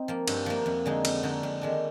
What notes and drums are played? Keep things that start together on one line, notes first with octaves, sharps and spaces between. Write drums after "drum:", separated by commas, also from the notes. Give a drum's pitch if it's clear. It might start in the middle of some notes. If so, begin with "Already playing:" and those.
Already playing: C4 D#4
F3 A#3
G2, drum: cymbal
F3 A#3
F2
D3 G#3 D#4
F2, drum: cymbal
D3 G#3 D#4
F2
D#3 G#3 D4